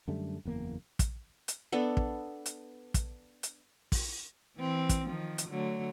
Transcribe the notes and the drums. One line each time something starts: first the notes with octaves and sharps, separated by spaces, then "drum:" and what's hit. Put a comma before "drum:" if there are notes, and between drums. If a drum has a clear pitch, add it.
F#2 D3 G3 A3
F#1 E2 A#3
drum: kick, hi-hat
drum: hi-hat
B3 D4 A4
drum: kick
drum: hi-hat
drum: kick, hi-hat
drum: hi-hat
drum: kick, open hi-hat
E3 C4
drum: kick, hi-hat
D#3 F3
drum: hi-hat
D3 F#3 A3